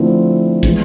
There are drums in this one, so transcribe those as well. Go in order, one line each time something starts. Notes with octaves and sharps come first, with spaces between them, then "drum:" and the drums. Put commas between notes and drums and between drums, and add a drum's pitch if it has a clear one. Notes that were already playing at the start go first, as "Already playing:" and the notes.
Already playing: D3 F3 A3 C4 E4
E3 G#3 B3 E4, drum: kick